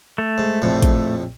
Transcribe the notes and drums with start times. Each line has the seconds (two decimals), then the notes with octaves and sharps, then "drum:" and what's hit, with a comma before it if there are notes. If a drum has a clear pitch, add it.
0.18 A3
0.38 G#2
0.62 A#1 F2 A2
0.82 drum: kick, hi-hat